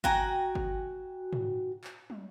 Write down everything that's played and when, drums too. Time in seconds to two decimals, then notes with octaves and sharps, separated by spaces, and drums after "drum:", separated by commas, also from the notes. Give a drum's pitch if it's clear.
0.04 F#4 G5 G#5 A#5, drum: kick G1
0.55 drum: kick G1
1.33 drum: tom G#2
1.84 drum: clap
2.10 drum: tom